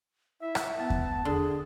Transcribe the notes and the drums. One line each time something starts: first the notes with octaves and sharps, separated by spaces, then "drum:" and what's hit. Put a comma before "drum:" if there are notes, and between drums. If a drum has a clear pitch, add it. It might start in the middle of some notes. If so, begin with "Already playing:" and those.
E4 E5
drum: rim click
B3 A5
drum: kick E2
D3 G#4